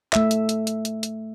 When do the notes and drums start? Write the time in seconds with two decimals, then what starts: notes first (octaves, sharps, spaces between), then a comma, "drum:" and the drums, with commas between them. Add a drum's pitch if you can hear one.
0.13 A3 E5, drum: clap
0.31 drum: hi-hat
0.49 drum: hi-hat
0.67 drum: hi-hat
0.85 drum: hi-hat
1.03 drum: hi-hat